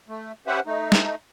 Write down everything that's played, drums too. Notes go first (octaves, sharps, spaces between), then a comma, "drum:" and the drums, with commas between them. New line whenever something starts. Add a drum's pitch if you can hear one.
A3
C#4 G4 B4 C5 E5 F#5
A3 D#4
drum: snare